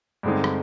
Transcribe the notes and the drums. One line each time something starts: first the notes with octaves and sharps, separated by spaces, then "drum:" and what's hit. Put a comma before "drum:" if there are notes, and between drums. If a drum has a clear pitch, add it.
G2 D3 G#3 C4 D#4
drum: rim click